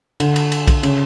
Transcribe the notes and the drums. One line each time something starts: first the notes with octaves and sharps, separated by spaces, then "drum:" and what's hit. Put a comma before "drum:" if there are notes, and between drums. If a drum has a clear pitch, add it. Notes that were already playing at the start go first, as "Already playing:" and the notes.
D3, drum: cymbal
drum: cymbal
drum: cymbal
drum: kick B1, cymbal
C#3, drum: cymbal